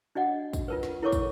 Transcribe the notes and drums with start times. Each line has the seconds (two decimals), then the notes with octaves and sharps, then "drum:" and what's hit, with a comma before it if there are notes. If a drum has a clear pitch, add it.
0.15 D4 F#4 D#5 F#5
0.53 drum: kick, tambourine
0.68 F4 A#4 B4
0.83 drum: snare
1.02 E4 A4 A#4 C#5 C#6 D6
1.12 drum: kick, tambourine